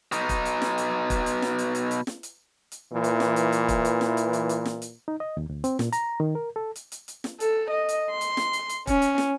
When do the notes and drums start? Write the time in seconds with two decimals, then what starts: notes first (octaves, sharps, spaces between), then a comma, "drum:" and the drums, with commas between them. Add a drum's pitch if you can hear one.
0.12 B2 D#4, drum: hi-hat
0.29 drum: kick, hi-hat
0.45 drum: hi-hat
0.62 drum: snare
0.78 drum: hi-hat
1.10 drum: kick, hi-hat
1.26 drum: hi-hat
1.42 drum: snare
1.59 drum: hi-hat
1.75 drum: hi-hat
1.91 drum: hi-hat
2.07 drum: snare
2.23 drum: hi-hat
2.72 drum: hi-hat
2.92 A#2 E3
3.04 drum: hi-hat
3.20 drum: snare
3.36 drum: hi-hat
3.52 drum: hi-hat
3.69 drum: kick, hi-hat
3.85 drum: hi-hat
4.01 drum: snare
4.17 drum: hi-hat
4.33 drum: hi-hat
4.49 drum: hi-hat
4.65 drum: snare
4.82 drum: hi-hat
5.08 D#4
5.20 D#5
5.37 D#2
5.49 D2
5.64 C4, drum: hi-hat
5.79 A#2, drum: snare
5.93 A#5, drum: hi-hat
6.20 D#3
6.35 A#4
6.56 A4
6.76 drum: hi-hat
6.92 drum: hi-hat
7.08 drum: hi-hat
7.24 drum: snare
7.40 A4, drum: hi-hat
7.71 D#5
7.89 drum: hi-hat
8.11 C6
8.21 drum: hi-hat
8.37 drum: snare
8.53 drum: hi-hat
8.69 drum: hi-hat
8.87 C#4, drum: kick, hi-hat
9.02 drum: hi-hat
9.18 drum: snare